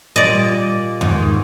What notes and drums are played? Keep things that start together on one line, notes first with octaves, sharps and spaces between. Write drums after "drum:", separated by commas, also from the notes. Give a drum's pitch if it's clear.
A#2 G3 D5 D#5
G#2 D#3 E3, drum: tom E2